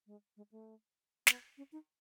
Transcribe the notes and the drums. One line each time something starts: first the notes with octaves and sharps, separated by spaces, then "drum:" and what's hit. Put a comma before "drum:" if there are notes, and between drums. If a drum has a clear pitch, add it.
G#3
G#3
A3
B3, drum: snare
C#4
D#4